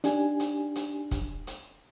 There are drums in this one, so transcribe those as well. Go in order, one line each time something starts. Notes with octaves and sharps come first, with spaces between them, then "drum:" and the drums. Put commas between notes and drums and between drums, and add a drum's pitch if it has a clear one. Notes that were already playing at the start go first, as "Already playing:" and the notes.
D4 D#4 G4 G#5, drum: hi-hat
drum: hi-hat
drum: hi-hat
drum: kick, hi-hat
drum: hi-hat